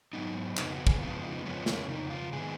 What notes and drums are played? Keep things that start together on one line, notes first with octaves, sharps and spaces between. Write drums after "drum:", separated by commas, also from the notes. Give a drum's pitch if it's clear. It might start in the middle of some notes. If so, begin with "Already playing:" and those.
G#2 F#3 B3 D#4
F2 C#3 B3 D#4, drum: clap
F#4
G#4, drum: kick
F2 C#3 F3 G#3 B3 F4
D#4
F2 C#3 F3 G#3 B3 C#4
C#4, drum: snare
F2 C#3 D#4
F4
G#2 D#3 G#3 B3 G#4